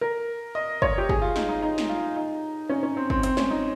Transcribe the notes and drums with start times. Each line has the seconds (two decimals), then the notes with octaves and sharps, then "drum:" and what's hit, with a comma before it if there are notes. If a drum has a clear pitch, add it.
0.01 A#4
0.55 D#5
0.82 C#5, drum: kick
0.98 G4
1.09 G#4, drum: kick
1.22 F4
1.36 D#4, drum: snare
1.49 D#4
1.62 D#4
1.78 drum: snare
1.89 F4
2.16 D#4
2.69 C#4
2.83 C#4
2.97 C4
3.10 C4, drum: kick
3.23 C4, drum: hi-hat
3.37 C#4, drum: snare
3.50 D#4